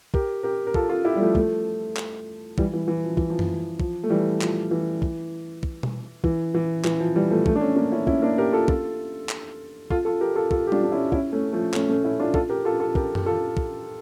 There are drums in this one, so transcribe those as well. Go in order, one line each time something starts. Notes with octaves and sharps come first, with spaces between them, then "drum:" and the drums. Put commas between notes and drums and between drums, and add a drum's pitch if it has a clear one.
G4 A#4, drum: kick
G4 A#4
A#4
F4 A4, drum: kick
F4 A4
E4 G4
G3
F3 A3
F3 A3, drum: kick
drum: clap
E3 G3, drum: kick
E3
E3
F3
E3, drum: kick
F3
drum: tom
F3, drum: kick
A3
E3 G3
F3, drum: clap
E3
drum: kick
drum: kick
drum: tom B2
E3, drum: kick
E3
E3, drum: clap
F3
E3 G3
F3 A3
F3 A3, drum: kick
D4
A3 C#4
A#3 D4
C#4 E4
C#4 E4, drum: kick
A#3 D4
G4 A#4
F4 A4
F4 A4, drum: kick
drum: clap
F4 A4, drum: kick
F4 A4
G4 A#4
F4 A4
F4 A4, drum: kick
G4
D4 F4, drum: tom G3
D4
C#4 E4
C#4 E4, drum: kick
A3 C#4
F3 A3
A3 C#4, drum: clap
A3 C#4
C#4 E4
D4 F4
F4 A4, drum: kick
G4 A#4
F4 A4
F4 A4
G4 A#4, drum: kick
G4, drum: tom
F4 A4
drum: kick